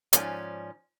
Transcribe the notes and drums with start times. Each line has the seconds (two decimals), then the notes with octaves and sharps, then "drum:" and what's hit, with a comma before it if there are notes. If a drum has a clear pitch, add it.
0.13 G#2 F3 C#4 A4 D5 G#5, drum: hi-hat